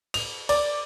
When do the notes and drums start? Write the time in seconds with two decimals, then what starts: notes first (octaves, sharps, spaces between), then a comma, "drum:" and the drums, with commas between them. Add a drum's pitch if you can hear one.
0.14 F7, drum: cymbal
0.49 D5, drum: cymbal